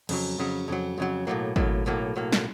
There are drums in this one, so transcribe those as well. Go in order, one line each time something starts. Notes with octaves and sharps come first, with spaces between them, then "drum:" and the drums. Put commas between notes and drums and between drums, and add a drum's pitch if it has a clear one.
F2 C#3 F#3, drum: cymbal
F2 C#3 F#3
F2 C#3 F#3
F2 C#3 F#3
B1 A2 F#3 A#3
B1 A2 F#3 A#3, drum: kick G#1
B1 A2 F#3 A#3
B1 A2 F#3 A#3
drum: snare